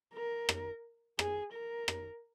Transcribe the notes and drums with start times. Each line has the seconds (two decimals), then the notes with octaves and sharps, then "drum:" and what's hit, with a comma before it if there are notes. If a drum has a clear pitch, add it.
0.14 A#4
0.49 drum: rim click
1.19 G#4, drum: rim click
1.53 A#4
1.88 drum: rim click